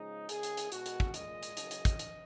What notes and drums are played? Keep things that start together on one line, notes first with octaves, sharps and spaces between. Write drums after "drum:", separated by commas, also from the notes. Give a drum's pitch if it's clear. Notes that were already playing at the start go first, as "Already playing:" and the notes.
Already playing: C#3 F3 G#3 D#4
C#3 G#3 G#4, drum: hi-hat
drum: hi-hat
drum: hi-hat
B2 G#3 F#4, drum: hi-hat
drum: hi-hat
drum: kick
A#2 G#3 D#5, drum: hi-hat
drum: hi-hat
C#3 F#3, drum: hi-hat
drum: hi-hat
drum: kick, hi-hat
drum: hi-hat